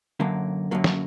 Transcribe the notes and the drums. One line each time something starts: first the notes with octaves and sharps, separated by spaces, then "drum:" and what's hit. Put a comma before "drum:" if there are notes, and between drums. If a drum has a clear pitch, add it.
F#2 D3 F#3 A#3
F#2 D3 F#3 A#3
drum: snare